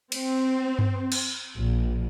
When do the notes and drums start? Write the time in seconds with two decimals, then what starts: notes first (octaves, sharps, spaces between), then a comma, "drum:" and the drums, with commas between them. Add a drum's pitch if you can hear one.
0.12 C4, drum: cymbal
0.79 drum: tom G2
1.12 drum: cymbal
1.56 A#1